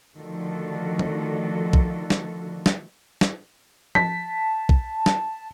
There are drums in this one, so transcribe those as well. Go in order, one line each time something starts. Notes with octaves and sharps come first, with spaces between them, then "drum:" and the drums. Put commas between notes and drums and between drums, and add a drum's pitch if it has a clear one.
D3 D#3 F3 A3 F#4 A4
drum: tom F3
drum: kick
drum: snare
drum: snare
drum: snare
A5 B6, drum: tom F3
drum: kick
drum: snare